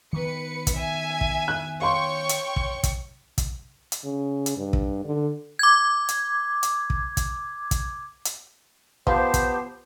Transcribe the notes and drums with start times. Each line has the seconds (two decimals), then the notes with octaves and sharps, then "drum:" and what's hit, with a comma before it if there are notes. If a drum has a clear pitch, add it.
0.13 D#3 B3 B4 C#7
0.67 drum: kick, hi-hat
0.77 E5 G#5
1.21 drum: kick
1.48 F#6
1.82 C#5 F5 G5 C6 C#6
2.29 drum: hi-hat
2.56 drum: kick
2.83 drum: kick, hi-hat
3.38 drum: kick, hi-hat
3.92 drum: hi-hat
4.04 C#3
4.46 drum: hi-hat
4.57 G2
4.73 drum: kick
5.05 D3
5.59 D6 G#6
6.09 drum: hi-hat
6.63 drum: hi-hat
6.90 drum: kick
7.17 drum: kick, hi-hat
7.71 drum: kick, hi-hat
8.25 drum: hi-hat
9.07 F3 B3 G4 C5 A5, drum: kick
9.34 drum: kick, hi-hat